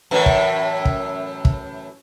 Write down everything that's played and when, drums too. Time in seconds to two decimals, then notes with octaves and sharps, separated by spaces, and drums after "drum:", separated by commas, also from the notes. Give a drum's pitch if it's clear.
0.11 F#2 A2 E3
0.26 drum: kick
0.85 drum: kick
1.45 drum: kick